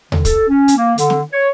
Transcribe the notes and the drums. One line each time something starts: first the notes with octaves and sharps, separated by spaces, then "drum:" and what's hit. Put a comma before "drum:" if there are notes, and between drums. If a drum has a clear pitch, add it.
D3, drum: tom D#2
A4, drum: kick, hi-hat
C#4
drum: hi-hat
A#3
D3, drum: hi-hat
drum: snare
C#5